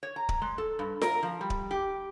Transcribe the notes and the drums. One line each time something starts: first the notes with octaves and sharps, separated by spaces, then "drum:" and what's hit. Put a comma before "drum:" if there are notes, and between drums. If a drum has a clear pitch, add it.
C#5
A#5
drum: kick D1
G#3
A4
G2
A#4, drum: snare F4
F3
G3
drum: kick D1
G4